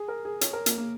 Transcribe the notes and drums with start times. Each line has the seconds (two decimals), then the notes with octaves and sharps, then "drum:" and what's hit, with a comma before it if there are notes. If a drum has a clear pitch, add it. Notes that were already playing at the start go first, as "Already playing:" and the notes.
Already playing: G#4
0.08 A#4
0.25 G#4
0.41 C#5, drum: hi-hat
0.53 A#4
0.66 A#3, drum: hi-hat
0.78 A#3